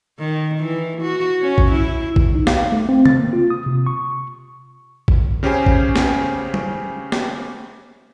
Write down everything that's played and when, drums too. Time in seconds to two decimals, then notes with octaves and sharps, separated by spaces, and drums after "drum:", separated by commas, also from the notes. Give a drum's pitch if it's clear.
0.19 D#3
0.59 E3
1.02 F#4
1.41 C#4
1.58 drum: kick
1.71 E4
2.16 drum: kick
2.35 D#4
2.47 F5, drum: snare
2.72 A3
2.89 C4
3.06 A6, drum: tom C3
3.19 A#3
3.33 F4
3.50 D#6
3.66 C3
3.87 C#6
5.08 drum: kick
5.43 C#3 C#4 G4 C5 G#5
5.66 drum: kick
5.96 drum: snare
6.54 drum: tom F#3
7.12 drum: snare